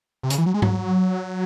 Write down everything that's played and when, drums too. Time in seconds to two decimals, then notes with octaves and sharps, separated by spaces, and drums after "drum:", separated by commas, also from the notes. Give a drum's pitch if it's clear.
0.23 C3
0.30 C#3, drum: hi-hat
0.38 E3
0.46 F#3
0.54 G#3
0.62 F#3, drum: tom G#2